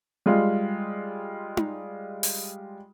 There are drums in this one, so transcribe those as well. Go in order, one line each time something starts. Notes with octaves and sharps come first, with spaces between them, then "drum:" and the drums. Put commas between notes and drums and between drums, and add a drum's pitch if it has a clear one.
G3 G#3 F4
drum: tom D#4
drum: open hi-hat